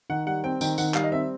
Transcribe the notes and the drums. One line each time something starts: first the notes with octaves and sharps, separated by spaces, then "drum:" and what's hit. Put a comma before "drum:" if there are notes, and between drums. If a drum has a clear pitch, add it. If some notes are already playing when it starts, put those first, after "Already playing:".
D#3 F#5
G3 F#5
C4 G5
D#3 G5, drum: tambourine
D#3 F#5, drum: tambourine
G3 F5, drum: clap
D#5
C4 E5